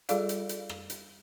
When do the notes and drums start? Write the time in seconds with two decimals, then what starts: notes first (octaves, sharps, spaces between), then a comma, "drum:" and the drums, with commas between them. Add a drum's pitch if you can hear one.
0.09 G3 F4 G#4 A4 D5 F5, drum: hi-hat
0.29 drum: hi-hat
0.49 drum: hi-hat
0.69 drum: rim click
0.90 drum: hi-hat